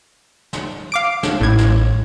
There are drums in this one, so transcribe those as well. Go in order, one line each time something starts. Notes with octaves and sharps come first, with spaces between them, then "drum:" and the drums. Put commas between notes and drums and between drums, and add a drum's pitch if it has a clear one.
drum: snare
F5 D6 D7
drum: snare
A1 A2 G#6
drum: snare